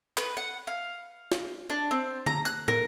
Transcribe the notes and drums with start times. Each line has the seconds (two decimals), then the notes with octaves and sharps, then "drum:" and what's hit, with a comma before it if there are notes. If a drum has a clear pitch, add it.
0.17 B4, drum: clap
0.37 F#5
0.67 F5
1.32 drum: snare
1.70 D4
1.91 C4
2.26 A#5, drum: tom D3
2.45 F#6, drum: tambourine
2.68 A#4, drum: tom